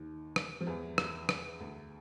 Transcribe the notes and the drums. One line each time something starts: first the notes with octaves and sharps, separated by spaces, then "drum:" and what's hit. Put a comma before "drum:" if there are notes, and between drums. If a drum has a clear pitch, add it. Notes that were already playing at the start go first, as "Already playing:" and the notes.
Already playing: D#2 D#3
drum: rim click
F3
E2 E3
drum: rim click
drum: rim click
D2 D3